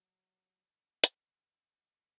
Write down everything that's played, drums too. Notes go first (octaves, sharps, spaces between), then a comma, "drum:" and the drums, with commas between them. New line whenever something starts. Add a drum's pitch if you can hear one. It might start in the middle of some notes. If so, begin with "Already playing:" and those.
Already playing: F#3
drum: hi-hat